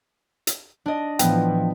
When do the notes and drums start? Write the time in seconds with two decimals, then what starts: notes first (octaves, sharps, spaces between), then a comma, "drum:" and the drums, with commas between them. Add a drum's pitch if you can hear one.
0.47 drum: hi-hat
0.86 D4 D#5
1.19 A2 E3 F3 B3 G5, drum: hi-hat